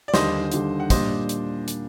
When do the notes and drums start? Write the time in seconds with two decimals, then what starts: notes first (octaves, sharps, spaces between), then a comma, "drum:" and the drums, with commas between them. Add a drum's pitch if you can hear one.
0.08 D5
0.14 D#2 D3 G3 C5 D#5, drum: snare
0.52 D#2 D3 G3, drum: hi-hat
0.80 F#5
0.90 A#2 G3 D4 C5 D#5, drum: kick, hi-hat
1.29 drum: hi-hat
1.68 drum: hi-hat